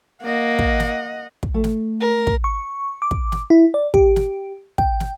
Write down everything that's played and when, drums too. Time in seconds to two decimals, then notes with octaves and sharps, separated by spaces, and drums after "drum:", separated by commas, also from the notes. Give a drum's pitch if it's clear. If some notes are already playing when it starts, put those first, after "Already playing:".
0.23 A#3 D#5 F#5
0.59 drum: kick
0.80 drum: snare
1.43 drum: kick
1.54 A3
1.64 drum: snare
2.01 A#4
2.27 drum: kick
2.44 C#6
3.02 D6
3.11 drum: kick
3.32 drum: snare
3.50 E4
3.74 D5
3.94 G4, drum: kick
4.16 drum: snare
4.78 G5, drum: kick
5.00 drum: snare